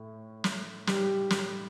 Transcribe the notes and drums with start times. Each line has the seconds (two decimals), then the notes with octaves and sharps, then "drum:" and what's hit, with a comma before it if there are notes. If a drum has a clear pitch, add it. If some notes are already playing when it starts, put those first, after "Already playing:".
Already playing: A2
0.44 drum: snare
0.87 G3 G4, drum: snare
1.30 drum: snare